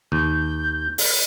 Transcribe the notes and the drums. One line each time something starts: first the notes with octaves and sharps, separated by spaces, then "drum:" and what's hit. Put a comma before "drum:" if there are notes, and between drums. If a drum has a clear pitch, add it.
D#2 G6
drum: open hi-hat